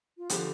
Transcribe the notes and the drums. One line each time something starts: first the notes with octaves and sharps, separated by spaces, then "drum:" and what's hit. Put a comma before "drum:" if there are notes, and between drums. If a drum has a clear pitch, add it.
F4
D3 F3 B3 G4, drum: hi-hat